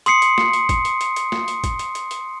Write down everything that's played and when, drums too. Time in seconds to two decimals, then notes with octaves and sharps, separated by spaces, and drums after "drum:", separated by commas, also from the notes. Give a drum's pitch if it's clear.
0.06 C6 D#6 C7 C#7, drum: hi-hat
0.22 drum: hi-hat
0.38 drum: snare
0.53 drum: hi-hat
0.69 drum: kick, hi-hat
0.85 drum: hi-hat
1.01 drum: hi-hat
1.16 drum: hi-hat
1.32 drum: snare
1.48 drum: hi-hat
1.64 drum: kick, hi-hat
1.79 drum: hi-hat
1.95 drum: hi-hat
2.11 drum: hi-hat